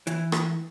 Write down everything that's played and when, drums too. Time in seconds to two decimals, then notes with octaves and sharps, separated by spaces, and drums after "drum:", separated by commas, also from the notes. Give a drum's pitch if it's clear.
0.07 E3, drum: hi-hat
0.32 drum: rim click